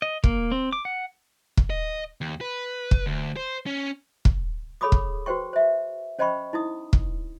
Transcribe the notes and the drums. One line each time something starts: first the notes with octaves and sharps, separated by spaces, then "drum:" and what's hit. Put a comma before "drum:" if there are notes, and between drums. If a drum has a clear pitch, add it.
D#5
A#3, drum: kick
C4
D6
F#5
drum: kick
D#5
D#2
B4
drum: kick
D2
C5
C#4
drum: kick
G#4 A4 C#5 B5 D6 D#6
drum: kick
F#4 B4 C5 G5 C#6
C5 E5
C#4 C5 D#5 G5 B5 C#6
D#4 E4 D#6
drum: kick